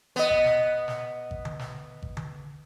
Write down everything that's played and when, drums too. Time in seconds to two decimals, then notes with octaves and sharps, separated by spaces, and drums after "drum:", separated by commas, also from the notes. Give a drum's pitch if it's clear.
0.16 B3 D#5
0.30 drum: kick G#1
0.45 drum: snare
0.88 drum: snare
1.31 drum: kick G#1
1.45 drum: tom D3
1.59 drum: snare
2.02 drum: kick G#1
2.17 drum: tom D3